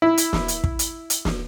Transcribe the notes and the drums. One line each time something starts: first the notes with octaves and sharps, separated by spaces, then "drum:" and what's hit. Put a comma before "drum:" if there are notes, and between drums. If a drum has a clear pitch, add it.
E4
drum: hi-hat
drum: snare
drum: hi-hat
drum: kick
drum: hi-hat
drum: hi-hat
drum: snare